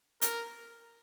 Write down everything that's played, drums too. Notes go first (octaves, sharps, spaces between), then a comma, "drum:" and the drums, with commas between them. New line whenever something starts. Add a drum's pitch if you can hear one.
A#4, drum: hi-hat